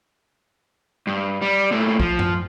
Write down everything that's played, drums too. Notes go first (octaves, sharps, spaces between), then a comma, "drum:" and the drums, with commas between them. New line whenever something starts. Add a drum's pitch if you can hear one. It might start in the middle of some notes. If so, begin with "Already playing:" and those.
G2
G3
A#2 A3
F3, drum: kick B1
drum: tom F#2